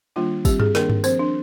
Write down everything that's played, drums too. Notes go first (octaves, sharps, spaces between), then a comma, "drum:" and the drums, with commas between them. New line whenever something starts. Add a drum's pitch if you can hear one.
D#3 G3 A#3 D4 F4
G3 C4 G4, drum: kick, tambourine
G#4, drum: tom G2
D#3 A#3 D4 A#4, drum: snare
drum: tom G2
F3 C4 C5, drum: tambourine
D4